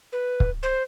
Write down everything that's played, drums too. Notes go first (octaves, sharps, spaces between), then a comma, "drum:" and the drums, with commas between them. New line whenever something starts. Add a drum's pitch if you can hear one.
B4
drum: kick
C5